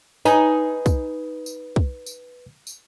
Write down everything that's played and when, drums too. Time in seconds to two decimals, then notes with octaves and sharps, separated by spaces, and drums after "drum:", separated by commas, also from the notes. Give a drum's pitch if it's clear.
0.25 D#4 G#4 B4, drum: tambourine
0.86 drum: kick, tambourine
1.46 drum: tambourine
1.76 drum: kick
2.06 drum: tambourine
2.67 drum: tambourine